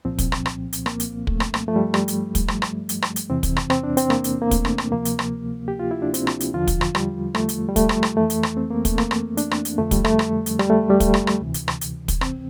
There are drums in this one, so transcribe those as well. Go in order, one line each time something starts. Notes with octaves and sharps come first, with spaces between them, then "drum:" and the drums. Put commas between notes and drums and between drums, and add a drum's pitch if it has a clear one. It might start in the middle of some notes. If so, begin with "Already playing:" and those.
C2 A#2 F3 C4
drum: kick, hi-hat
drum: rim click
drum: rim click
drum: hi-hat
A#3, drum: rim click
drum: hi-hat
A3, drum: kick
drum: rim click
drum: rim click
G2 F3 A3
G3
G3, drum: rim click
drum: hi-hat
drum: kick, hi-hat
drum: rim click
drum: rim click
drum: hi-hat
drum: rim click
drum: hi-hat
E2 C3 E3 C4
drum: kick, hi-hat
drum: rim click
C4, drum: rim click
D4
C4, drum: hi-hat
A#3, drum: rim click
drum: hi-hat
A#3
A3, drum: kick, hi-hat
drum: rim click
drum: rim click
D2 C3 F3 A#3
drum: hi-hat
drum: rim click
G4
F4
E4
D4
C4, drum: hi-hat
drum: rim click
drum: hi-hat
E2 D3 F3 F4
drum: kick, hi-hat
drum: rim click
G3, drum: rim click
A3, drum: rim click
drum: hi-hat
G3
A3, drum: kick, hi-hat
drum: rim click
drum: rim click
F2 E3 A3
drum: hi-hat
drum: rim click
C4
A#3
A3, drum: kick, hi-hat
A#3, drum: rim click
drum: rim click
D4, drum: hi-hat
drum: rim click
drum: hi-hat
F2 D3 F3 A3
G3, drum: kick, hi-hat
A3, drum: rim click
drum: rim click
drum: hi-hat
G3, drum: rim click
A3
G3
A3, drum: kick, hi-hat
drum: rim click
drum: rim click
D2 C3 E3
drum: hi-hat
drum: rim click
drum: hi-hat
drum: kick, hi-hat
C4, drum: rim click